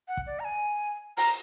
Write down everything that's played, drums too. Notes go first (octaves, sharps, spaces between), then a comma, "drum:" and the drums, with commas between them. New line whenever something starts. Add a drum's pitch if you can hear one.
F#5
drum: kick
D5
A#5
G#5
A#5, drum: open hi-hat